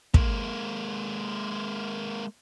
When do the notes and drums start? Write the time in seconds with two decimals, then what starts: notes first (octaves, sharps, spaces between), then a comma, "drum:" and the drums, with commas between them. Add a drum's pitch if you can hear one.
0.14 G#3 A#3, drum: kick